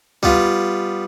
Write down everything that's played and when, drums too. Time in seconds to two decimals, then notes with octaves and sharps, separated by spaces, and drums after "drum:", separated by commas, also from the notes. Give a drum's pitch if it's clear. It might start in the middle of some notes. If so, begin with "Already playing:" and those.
0.23 G3 B3 F4, drum: kick